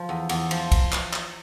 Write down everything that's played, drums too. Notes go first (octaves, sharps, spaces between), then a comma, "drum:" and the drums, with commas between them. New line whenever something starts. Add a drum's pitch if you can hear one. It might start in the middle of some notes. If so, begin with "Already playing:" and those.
Already playing: F3
E2
E2, drum: cymbal
F3, drum: cymbal
drum: kick, cymbal
drum: clap
drum: clap